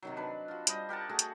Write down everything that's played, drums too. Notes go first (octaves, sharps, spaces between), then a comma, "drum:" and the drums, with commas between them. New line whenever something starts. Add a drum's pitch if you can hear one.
C3 D#3 F#3
D4 B4
F4 F#4
G3 C5 D#5, drum: hi-hat
G4 A#4 F#5 A5
A3 F#4 G#4
drum: hi-hat